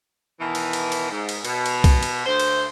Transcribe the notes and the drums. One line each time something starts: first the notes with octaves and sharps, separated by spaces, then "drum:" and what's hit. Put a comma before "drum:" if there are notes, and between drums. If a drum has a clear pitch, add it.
B2 D#3 E3
drum: cymbal
drum: cymbal
drum: cymbal
G#2
drum: cymbal
B2, drum: cymbal
drum: cymbal
drum: kick, cymbal
drum: cymbal
D2 C5
drum: cymbal